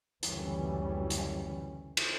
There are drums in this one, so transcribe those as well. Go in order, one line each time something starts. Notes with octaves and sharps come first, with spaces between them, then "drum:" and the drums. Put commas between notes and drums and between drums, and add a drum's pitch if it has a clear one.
F#1 D2 E3 G3 C#4, drum: hi-hat
drum: hi-hat
drum: cymbal